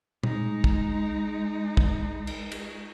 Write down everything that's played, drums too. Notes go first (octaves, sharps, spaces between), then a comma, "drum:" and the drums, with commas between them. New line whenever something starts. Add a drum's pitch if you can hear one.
G#3 D#4, drum: tom A#2
drum: kick
drum: kick
drum: cymbal
drum: cymbal